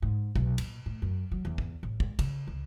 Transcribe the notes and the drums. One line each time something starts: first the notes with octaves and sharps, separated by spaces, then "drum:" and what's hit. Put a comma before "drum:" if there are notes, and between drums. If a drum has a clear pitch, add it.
G#2
B1, drum: kick
A#2, drum: cymbal
A2
F#2
F#3
E2
drum: kick
A1
G#3, drum: kick
C#3, drum: kick, cymbal
C#2